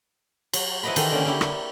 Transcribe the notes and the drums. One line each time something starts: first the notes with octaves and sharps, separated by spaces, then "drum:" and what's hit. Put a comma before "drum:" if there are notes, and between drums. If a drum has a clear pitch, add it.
F#3, drum: cymbal
F3 E4 B4 D#5 A#5 B5
D#3 E3 G4 A4 C5 A#5, drum: cymbal
D3 A#3 C#4
D3 E4 G4
E4, drum: rim click